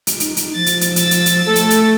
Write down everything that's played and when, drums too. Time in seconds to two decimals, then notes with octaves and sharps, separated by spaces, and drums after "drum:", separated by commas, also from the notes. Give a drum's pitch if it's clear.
0.07 drum: hi-hat
0.20 D#4, drum: hi-hat
0.37 drum: hi-hat
0.55 F3 A6
0.66 drum: hi-hat
0.81 drum: hi-hat
0.96 E6 A6, drum: hi-hat
1.11 drum: hi-hat
1.26 drum: hi-hat
1.46 A3 A4
1.56 drum: hi-hat
1.70 drum: hi-hat